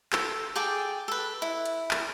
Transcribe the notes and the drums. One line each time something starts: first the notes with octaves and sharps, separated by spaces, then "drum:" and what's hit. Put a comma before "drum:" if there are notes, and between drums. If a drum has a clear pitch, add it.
A4, drum: clap
G#4 G5 A5 D6
A4 B4
E4
drum: hi-hat
drum: clap